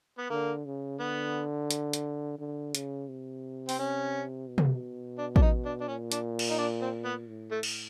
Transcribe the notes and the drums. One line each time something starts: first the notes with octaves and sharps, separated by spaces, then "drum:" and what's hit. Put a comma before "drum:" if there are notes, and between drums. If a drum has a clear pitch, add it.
B3
D3 A#3
C#3
D3 B3
drum: hi-hat
drum: hi-hat
D3
C#3, drum: hi-hat
C3
C4, drum: open hi-hat
C#4
B2
drum: tom
D4
D4, drum: kick A1
D#4
D4
D4
A#2 C#4
D4, drum: hi-hat
drum: cymbal
D#4
D4
C4
B3
A2
A3
drum: cymbal